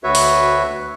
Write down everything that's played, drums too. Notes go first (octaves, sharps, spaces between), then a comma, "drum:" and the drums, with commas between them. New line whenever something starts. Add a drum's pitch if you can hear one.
D2 F#4 B4 C#5 E5
drum: open hi-hat